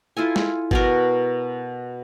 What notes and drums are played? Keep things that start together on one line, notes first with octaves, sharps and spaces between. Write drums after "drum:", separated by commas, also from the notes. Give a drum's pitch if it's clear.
E4 F4 A4 G#5
drum: snare
B2 F#4 A#4, drum: kick G1